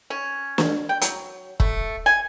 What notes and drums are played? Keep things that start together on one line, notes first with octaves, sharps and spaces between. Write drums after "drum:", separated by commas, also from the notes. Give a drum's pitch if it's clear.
C#4
drum: snare
G5
F#3, drum: hi-hat
A3, drum: kick
G#5